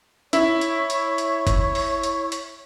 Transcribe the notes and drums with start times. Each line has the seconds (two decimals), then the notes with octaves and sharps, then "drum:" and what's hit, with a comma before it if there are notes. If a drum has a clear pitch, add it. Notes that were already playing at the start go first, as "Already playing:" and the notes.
0.33 E4 C#5, drum: hi-hat
0.61 drum: hi-hat
0.90 drum: hi-hat
1.18 drum: hi-hat
1.47 drum: kick, hi-hat
1.75 drum: open hi-hat
2.03 drum: hi-hat
2.32 drum: hi-hat